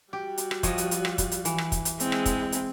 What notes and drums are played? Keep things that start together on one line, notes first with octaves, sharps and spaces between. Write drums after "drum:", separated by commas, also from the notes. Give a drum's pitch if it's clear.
G3 F#4 G4
drum: hi-hat
drum: rim click
F3 C#5 D#5, drum: kick, hi-hat
drum: hi-hat
drum: hi-hat
drum: rim click
drum: kick, hi-hat
drum: hi-hat
E3, drum: hi-hat
drum: rim click
drum: kick, hi-hat
drum: hi-hat
G#3 C4 E4, drum: hi-hat
drum: rim click
drum: kick, hi-hat
drum: hi-hat